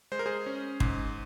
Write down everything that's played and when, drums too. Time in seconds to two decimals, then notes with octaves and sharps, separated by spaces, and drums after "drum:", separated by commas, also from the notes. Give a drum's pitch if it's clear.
0.12 G#3 C5
0.19 A#4
0.26 G#4 C5
0.46 C#4
0.80 G#2, drum: kick